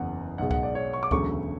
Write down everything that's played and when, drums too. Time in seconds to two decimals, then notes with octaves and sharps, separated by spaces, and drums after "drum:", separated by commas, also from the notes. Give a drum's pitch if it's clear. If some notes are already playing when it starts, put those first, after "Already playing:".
Already playing: F#1 E2 C#3 F#5
0.38 B1 B2 G#3 F#5
0.51 F#5, drum: kick C#2
0.63 D5
0.75 C#5
0.93 C#6
1.03 D6
1.11 E1 D2 C#3 F#3 A3 C#6, drum: kick C#2